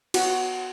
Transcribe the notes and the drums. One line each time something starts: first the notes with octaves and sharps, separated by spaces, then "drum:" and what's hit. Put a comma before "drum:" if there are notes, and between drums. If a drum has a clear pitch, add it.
F#4, drum: cymbal